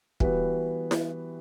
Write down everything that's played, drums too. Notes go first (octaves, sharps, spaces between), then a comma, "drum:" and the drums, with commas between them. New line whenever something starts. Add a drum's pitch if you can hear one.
E3 G3 B3 F#4 B4, drum: kick
drum: snare E4